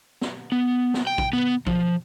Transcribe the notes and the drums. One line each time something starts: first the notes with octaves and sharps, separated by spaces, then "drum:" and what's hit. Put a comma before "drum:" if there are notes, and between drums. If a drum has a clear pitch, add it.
drum: snare
B3
drum: snare
G5
drum: kick
B3
F3, drum: kick